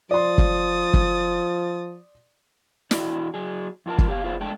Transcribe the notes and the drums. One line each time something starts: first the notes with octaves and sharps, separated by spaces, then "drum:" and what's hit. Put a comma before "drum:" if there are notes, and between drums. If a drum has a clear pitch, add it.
F3 D5 C6 D#6 A6
drum: kick
drum: kick
E2 E4 F#4 D5, drum: snare
F#3 G#4
F2 F4 A#4 A5
drum: kick
G4 C#5 F5
F4 G#4 B4 C5 F5
G#3 A3 D4 G5 A5